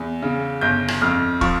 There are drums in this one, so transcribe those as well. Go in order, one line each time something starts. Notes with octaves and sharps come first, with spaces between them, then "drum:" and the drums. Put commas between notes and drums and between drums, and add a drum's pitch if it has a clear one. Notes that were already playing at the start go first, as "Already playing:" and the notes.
Already playing: E2
C#3
G1 G6
drum: rim click
F2 F6
F3 C#6, drum: kick